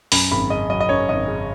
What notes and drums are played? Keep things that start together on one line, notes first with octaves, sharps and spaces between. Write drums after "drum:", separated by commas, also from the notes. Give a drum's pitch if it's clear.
F#2 B5, drum: open hi-hat
G#1 B5
C#3 D#5
F#3 D#5
D#5
F#2 C#5
G#1 D#5
C#3